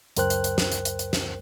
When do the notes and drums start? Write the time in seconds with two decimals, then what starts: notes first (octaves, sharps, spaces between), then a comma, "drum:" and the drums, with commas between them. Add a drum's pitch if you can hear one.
0.17 C#2 F#2 A#4 C5 G5 F#6, drum: hi-hat
0.30 drum: hi-hat
0.44 drum: hi-hat
0.58 drum: snare
0.72 drum: hi-hat
0.85 drum: hi-hat
0.99 drum: hi-hat
1.13 drum: snare